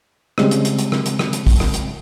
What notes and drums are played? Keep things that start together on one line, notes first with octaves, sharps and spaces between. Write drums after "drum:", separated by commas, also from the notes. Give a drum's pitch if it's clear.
C#3 G3 G#3 C4, drum: rim click
drum: hi-hat
drum: hi-hat
drum: hi-hat
drum: rim click
drum: hi-hat
drum: rim click
drum: hi-hat
drum: kick, open hi-hat
drum: rim click
drum: hi-hat